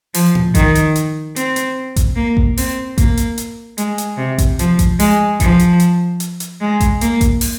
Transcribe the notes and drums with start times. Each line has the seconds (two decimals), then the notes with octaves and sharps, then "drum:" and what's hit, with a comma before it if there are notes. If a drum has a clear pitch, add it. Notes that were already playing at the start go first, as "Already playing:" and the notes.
0.14 F3, drum: open hi-hat
0.35 drum: tom A2
0.55 D#3, drum: kick A1, hi-hat
0.75 drum: hi-hat
0.96 drum: hi-hat
1.36 C4, drum: hi-hat
1.56 drum: hi-hat
1.96 drum: kick A1, hi-hat
2.16 A#3
2.37 drum: kick A1
2.58 C4, drum: open hi-hat
2.98 A#3, drum: kick A1, hi-hat
3.17 drum: hi-hat
3.38 drum: hi-hat
3.78 G#3, drum: hi-hat
3.98 drum: hi-hat
4.18 C3
4.38 drum: kick A1, hi-hat
4.59 F3, drum: hi-hat
4.79 drum: kick A1, hi-hat
5.00 G#3, drum: open hi-hat
5.40 F3, drum: kick A1, hi-hat
5.59 drum: hi-hat
5.80 drum: hi-hat
6.20 drum: hi-hat
6.40 drum: hi-hat
6.61 G#3
6.80 drum: kick A1, hi-hat
7.01 A#3, drum: hi-hat
7.21 drum: kick A1, hi-hat
7.41 drum: open hi-hat